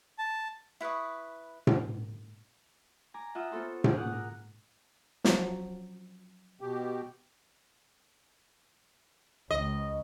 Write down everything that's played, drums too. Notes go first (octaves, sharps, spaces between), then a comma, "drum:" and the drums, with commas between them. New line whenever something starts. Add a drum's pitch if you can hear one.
A5
E4 B4 C#6 D#6
drum: tom A2
G#5 A#5 D6
F4 E5 F#5 D#6 E6
B3 F4 A4 C5 C#5
C#4 G4 G#4, drum: tom A2
A#3 F#5 D6 D#6 F#6
A#4
F3 F#3, drum: snare
B2 G4
C#2 D#5